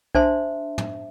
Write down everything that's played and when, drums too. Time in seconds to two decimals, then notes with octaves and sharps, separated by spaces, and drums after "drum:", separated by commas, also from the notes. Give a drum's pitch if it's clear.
0.15 D4 C5 E5 A5 C6, drum: kick B1
0.78 drum: tom